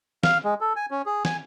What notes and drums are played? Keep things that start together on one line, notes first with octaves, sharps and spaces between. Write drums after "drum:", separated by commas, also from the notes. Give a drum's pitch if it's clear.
F5, drum: snare
G#3
A4
G#5
C#4
G#4
G#5, drum: snare